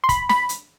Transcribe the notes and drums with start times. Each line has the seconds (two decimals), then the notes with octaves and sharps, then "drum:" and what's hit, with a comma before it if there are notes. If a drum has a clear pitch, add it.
0.04 C6
0.09 B5, drum: kick, hi-hat
0.29 B5, drum: snare
0.49 drum: hi-hat